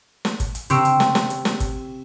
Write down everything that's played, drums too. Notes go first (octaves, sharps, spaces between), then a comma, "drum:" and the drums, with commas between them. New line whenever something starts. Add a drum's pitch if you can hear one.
drum: snare
drum: kick G#1, hi-hat
drum: hi-hat
C3 G4 C5 C#6 E6 D7, drum: hi-hat
drum: hi-hat
drum: snare
drum: snare
drum: hi-hat
drum: snare
drum: kick G#1, hi-hat